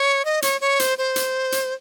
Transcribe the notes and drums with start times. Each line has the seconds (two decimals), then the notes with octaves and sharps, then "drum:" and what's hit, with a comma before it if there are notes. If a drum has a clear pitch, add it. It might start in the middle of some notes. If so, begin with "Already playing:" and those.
Already playing: C#5
0.25 D#5
0.42 C#5, drum: hi-hat
0.61 C#5
0.80 C5, drum: hi-hat
0.98 C5
1.16 drum: hi-hat
1.52 drum: hi-hat